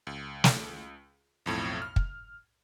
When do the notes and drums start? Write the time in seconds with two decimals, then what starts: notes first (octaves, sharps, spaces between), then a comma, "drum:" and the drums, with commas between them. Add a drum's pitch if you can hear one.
0.07 C#2
0.44 drum: snare
1.46 B1 F2 A2
1.82 F6
1.96 drum: kick